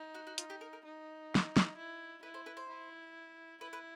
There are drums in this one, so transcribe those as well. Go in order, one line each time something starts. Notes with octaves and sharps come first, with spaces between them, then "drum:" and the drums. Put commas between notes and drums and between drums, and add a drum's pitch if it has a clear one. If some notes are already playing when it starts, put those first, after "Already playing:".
Already playing: D#4
F#4
F#4
F4, drum: hi-hat
G4
A#4
A#4
D#4
drum: snare
drum: snare
E4
E4 B4
C5
B4
C5
E4
E4 B4
B4